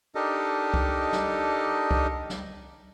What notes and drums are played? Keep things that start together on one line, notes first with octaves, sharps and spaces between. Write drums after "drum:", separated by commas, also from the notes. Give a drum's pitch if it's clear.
D4 D#4 G4 A4 A#4 D#5
drum: kick C2
drum: snare
drum: kick C2
drum: snare